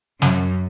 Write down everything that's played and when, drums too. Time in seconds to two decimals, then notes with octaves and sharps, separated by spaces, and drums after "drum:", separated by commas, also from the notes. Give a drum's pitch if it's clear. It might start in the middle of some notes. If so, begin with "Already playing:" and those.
0.22 F#2, drum: snare